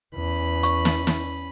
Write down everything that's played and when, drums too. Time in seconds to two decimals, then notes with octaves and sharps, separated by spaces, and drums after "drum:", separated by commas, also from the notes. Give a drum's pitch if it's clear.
0.15 E2 C#4 B5
0.63 C#6, drum: hi-hat
0.85 drum: snare
1.07 drum: snare